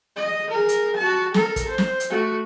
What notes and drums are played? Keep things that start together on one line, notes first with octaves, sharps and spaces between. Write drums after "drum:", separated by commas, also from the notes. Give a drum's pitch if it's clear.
D#5
G#4 A#4
drum: hi-hat
F#4 A5
A4 A#4, drum: snare
drum: kick, hi-hat
C5
drum: snare
drum: hi-hat
A3 F#4